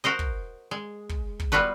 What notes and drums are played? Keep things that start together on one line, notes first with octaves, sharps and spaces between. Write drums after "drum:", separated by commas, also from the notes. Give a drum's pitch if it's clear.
F#4 A#4 C5 D#5
drum: kick
G#3
drum: kick
drum: kick
G3 B3 F4 F#4 B4